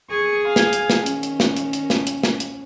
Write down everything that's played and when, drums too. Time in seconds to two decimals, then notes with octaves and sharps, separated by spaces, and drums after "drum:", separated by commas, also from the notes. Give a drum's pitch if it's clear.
0.10 G#4 C#6
0.47 F5 G#5
0.56 drum: snare
0.73 drum: hi-hat
0.90 drum: snare
1.06 D#3 C#4, drum: hi-hat
1.23 drum: hi-hat
1.40 drum: snare
1.57 drum: hi-hat
1.73 drum: hi-hat
1.90 drum: snare
2.07 drum: hi-hat
2.23 drum: snare
2.40 drum: hi-hat